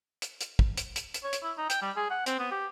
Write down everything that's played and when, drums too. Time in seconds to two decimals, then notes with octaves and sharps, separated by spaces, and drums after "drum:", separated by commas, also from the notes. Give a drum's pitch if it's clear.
0.22 drum: hi-hat
0.41 drum: hi-hat
0.59 drum: kick
0.77 drum: hi-hat
0.96 drum: hi-hat
1.14 drum: hi-hat
1.23 C#5
1.33 drum: hi-hat
1.43 E4
1.58 D#4
1.70 G5, drum: hi-hat
1.82 G3
1.97 G#4
2.10 F#5
2.26 C4, drum: hi-hat
2.39 B3
2.51 G4